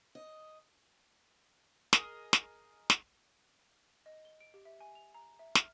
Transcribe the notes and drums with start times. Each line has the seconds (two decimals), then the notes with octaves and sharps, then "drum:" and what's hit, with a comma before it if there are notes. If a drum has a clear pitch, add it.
0.15 D#5
1.93 G#4 A#4 D#5, drum: snare
2.33 drum: snare
2.90 drum: snare
4.06 D#5
4.25 G7
4.41 D7
4.54 G4
4.65 E5
4.81 G#5
4.95 F7
5.14 A#5
5.39 E5
5.55 F6, drum: snare